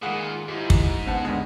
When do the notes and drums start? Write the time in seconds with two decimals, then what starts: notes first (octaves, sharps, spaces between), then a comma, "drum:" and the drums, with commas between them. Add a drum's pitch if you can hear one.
0.03 A#2 D#3 G#3 G#4 F5 F#5 B5
0.49 G#2 E4 F4 G4
0.70 drum: kick
1.06 C#2 B3 C4 F#5 A5
1.25 G2 D3 G#3